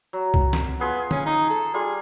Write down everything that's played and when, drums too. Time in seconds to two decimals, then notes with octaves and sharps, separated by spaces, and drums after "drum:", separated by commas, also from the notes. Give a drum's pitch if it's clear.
0.13 F#3
0.34 drum: kick C2
0.53 drum: snare
0.80 B3 F4 G#4 B4
1.11 C#4, drum: tom
1.26 D#4 A#5 D#6
1.50 A4
1.74 G3 F4 G#4